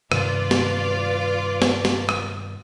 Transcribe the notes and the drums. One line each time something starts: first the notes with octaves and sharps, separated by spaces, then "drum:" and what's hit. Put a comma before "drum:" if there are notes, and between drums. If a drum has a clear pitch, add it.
G2 C3 D#3 F4 B4 D5 F5, drum: rim click
drum: snare
drum: snare
drum: snare
drum: rim click